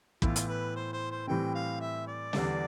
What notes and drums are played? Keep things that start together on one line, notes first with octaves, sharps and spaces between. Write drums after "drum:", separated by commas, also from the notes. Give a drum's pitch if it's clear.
A2 E3 B3 E4 F4, drum: kick
drum: hi-hat
B4
C5
C5
C5
A2 E3 G3 C4 G5
F5
E5
D5
E2 D3 G3 D4, drum: snare